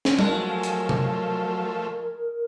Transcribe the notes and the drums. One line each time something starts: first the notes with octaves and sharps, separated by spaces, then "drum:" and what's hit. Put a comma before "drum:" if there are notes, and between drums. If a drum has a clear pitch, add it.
drum: snare
F3 F#3 G#3 A3 A#4, drum: tom G3
drum: hi-hat
drum: tom C3